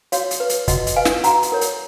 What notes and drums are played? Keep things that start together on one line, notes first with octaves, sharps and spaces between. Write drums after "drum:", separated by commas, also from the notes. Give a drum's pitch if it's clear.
F#4 C#5 F5, drum: hi-hat
drum: hi-hat
B4
drum: hi-hat
F#4 D#5 F#5, drum: kick, hi-hat
drum: hi-hat
B4 F5 G#5
drum: snare
F#4 F#5 A#5, drum: hi-hat
drum: hi-hat
A#4 C#5
drum: hi-hat